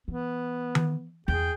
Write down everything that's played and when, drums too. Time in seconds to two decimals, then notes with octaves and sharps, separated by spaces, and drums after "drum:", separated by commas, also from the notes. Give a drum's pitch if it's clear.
0.08 E3 B3
0.75 drum: tom D#3
1.28 E2 G#4 G5